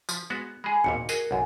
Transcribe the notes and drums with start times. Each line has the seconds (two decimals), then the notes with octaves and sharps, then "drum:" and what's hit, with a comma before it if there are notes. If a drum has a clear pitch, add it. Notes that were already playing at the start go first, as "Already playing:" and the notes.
0.09 F3, drum: tambourine
0.30 G#3 B3 F#4
0.64 G#3 G#4 G#5 B5
0.84 G#1 D#2 A#2 C#7
1.09 F#4 G#4 A#4 D#5, drum: tambourine
1.31 B1 F#2 F#5 G#5